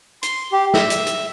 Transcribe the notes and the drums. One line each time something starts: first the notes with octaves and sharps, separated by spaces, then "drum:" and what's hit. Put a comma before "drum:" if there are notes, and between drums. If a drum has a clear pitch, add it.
C6, drum: hi-hat
G4
E5, drum: snare
drum: hi-hat
drum: hi-hat